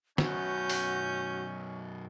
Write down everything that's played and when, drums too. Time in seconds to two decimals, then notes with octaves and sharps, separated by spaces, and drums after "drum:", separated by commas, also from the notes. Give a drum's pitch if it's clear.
0.18 F#2 B2 C#4 F#4 G6, drum: snare
0.70 drum: open hi-hat